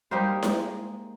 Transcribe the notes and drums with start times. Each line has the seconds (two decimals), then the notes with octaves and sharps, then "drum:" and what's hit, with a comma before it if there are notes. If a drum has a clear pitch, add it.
0.11 G3 A#3 D#4 G4 C5
0.43 G#3, drum: snare E4